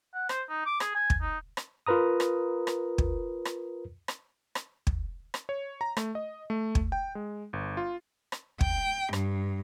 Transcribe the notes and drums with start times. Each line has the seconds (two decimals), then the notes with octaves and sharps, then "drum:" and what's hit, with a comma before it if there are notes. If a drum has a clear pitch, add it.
0.14 F#5
0.29 C5, drum: rim click
0.49 D#4
0.66 D6
0.80 G#4, drum: rim click
0.95 G#5
1.10 drum: kick
1.21 D#4
1.57 drum: rim click
1.87 F4 A#4 B4 A#5 D#6
2.20 drum: rim click
2.67 drum: rim click
2.98 drum: kick
3.45 drum: rim click
4.08 drum: rim click
4.55 drum: rim click
4.87 drum: kick
5.34 drum: rim click
5.49 C#5
5.81 A#5
5.97 A3, drum: rim click
6.15 D#5
6.50 A3
6.75 drum: kick
6.92 G5
7.15 G#3
7.53 G1
7.77 F4
8.32 drum: rim click
8.61 G5, drum: kick
9.13 G2, drum: rim click